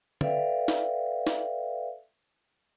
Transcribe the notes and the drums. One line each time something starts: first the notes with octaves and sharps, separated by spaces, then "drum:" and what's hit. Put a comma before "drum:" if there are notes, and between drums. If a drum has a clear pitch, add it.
A4 B4 D5 E5 F5 G5, drum: tom
drum: snare
drum: snare